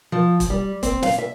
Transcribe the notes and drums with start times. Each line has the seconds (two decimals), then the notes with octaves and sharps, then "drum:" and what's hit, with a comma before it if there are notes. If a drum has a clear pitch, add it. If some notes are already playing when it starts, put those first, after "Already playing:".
0.12 F3
0.40 drum: kick, hi-hat
0.50 G3
0.83 C4, drum: kick, hi-hat
1.02 F5, drum: snare
1.18 E5